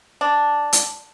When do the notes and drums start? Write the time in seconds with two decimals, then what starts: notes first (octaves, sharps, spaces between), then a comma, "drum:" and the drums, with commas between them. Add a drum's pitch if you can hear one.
0.21 D4
0.73 drum: hi-hat